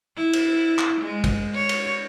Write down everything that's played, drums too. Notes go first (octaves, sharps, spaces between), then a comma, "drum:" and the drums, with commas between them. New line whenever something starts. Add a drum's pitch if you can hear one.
E4
drum: cymbal
drum: clap
G#3
drum: kick, cymbal
C#5
drum: cymbal